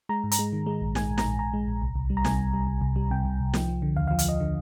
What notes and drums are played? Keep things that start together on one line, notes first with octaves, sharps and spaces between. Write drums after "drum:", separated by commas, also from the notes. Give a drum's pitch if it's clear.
G#3 A#5
G#2
A#5, drum: hi-hat
G#3
D#3
G#3
A#1
G#3 G#5, drum: snare
A#1
A#5, drum: snare
A#1
A#1 A#5
G#3
A#1
C2
C2
G3
A#5
C3 G#5, drum: snare
C2
G3
C2
C2
G3
C3 G5
C2
C2
F3, drum: snare
F3
D3
D#2 F5
F5
F3
F5, drum: hi-hat
F3 D#5
D3